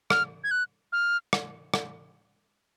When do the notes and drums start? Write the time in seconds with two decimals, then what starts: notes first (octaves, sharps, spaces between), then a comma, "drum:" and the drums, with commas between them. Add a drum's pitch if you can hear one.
0.10 F6, drum: rim click
0.44 G#6
0.51 F#6
0.93 F6
1.33 drum: rim click
1.74 drum: rim click